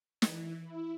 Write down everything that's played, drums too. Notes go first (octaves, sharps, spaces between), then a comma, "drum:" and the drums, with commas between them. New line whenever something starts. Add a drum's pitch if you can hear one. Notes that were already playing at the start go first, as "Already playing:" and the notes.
E3, drum: snare
E4